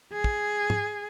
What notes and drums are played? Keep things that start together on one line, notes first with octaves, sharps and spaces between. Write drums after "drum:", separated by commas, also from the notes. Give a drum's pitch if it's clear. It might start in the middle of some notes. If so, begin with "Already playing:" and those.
G#4
drum: kick
drum: tom